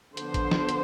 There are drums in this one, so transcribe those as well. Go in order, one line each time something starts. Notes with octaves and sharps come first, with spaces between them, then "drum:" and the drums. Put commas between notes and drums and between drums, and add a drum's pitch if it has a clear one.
D3 F3 B3 D4 C5, drum: hi-hat
drum: kick, hi-hat
drum: snare
drum: hi-hat